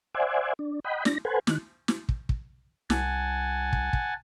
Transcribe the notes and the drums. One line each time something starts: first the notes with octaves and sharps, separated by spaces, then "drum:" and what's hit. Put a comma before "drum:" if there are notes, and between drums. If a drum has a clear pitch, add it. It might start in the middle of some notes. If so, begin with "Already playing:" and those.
C5 D5 E5 F#5 G#5
D4
D#5 F#5 G5 B5
D4 A#6, drum: snare
A4 B4 C5 F#5 G#5
D#3 F#6, drum: snare
drum: snare
drum: kick
drum: kick
C2 F#5 G#5 A5, drum: snare
drum: kick
drum: kick